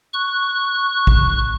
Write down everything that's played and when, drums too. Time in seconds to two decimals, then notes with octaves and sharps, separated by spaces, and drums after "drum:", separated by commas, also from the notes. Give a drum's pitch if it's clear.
0.14 C#6 F#6
1.07 drum: kick A1